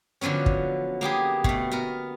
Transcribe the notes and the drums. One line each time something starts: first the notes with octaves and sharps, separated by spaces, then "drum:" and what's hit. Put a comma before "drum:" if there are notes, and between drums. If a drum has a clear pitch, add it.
D3 F3 F#3 B3 C#4
drum: kick
A#3 B3 G4 G#4
B2 A3, drum: kick
B3 A#4